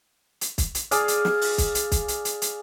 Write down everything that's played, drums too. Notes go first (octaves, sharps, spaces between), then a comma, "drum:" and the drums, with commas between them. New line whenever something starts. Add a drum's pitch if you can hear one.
drum: hi-hat
drum: kick, hi-hat
drum: hi-hat
G#4 D5 F5, drum: hi-hat
drum: hi-hat
drum: snare
drum: open hi-hat
drum: kick, hi-hat
drum: hi-hat
drum: kick, hi-hat
drum: hi-hat
drum: hi-hat
drum: hi-hat